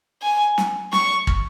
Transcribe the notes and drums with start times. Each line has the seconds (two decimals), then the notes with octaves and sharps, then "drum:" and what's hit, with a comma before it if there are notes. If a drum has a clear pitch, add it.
0.22 G#5
0.58 drum: snare
0.93 C#6, drum: snare
1.27 drum: kick